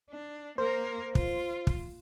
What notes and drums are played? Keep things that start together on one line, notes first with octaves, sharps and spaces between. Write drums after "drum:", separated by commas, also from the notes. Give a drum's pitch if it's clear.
D4
A#3 A#4 C5
F4, drum: kick
drum: kick